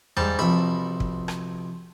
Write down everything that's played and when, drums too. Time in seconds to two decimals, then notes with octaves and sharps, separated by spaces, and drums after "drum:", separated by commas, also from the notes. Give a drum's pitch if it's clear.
0.17 G#2 G3 A5, drum: tom E2
0.39 B1 C3 F3 E5 B5
1.00 drum: kick
1.28 drum: rim click